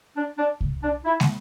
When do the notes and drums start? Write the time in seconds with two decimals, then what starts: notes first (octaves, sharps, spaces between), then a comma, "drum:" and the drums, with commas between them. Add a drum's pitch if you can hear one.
0.16 D4
0.38 D4
0.61 drum: kick C2
0.83 D4
1.05 E4
1.20 drum: snare